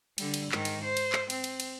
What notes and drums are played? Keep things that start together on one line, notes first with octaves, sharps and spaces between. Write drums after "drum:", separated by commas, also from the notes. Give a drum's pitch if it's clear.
D3 G3, drum: cymbal
drum: cymbal
G#2 D#3, drum: clap
drum: cymbal
C5
drum: cymbal
drum: clap
C4, drum: cymbal
drum: cymbal
drum: cymbal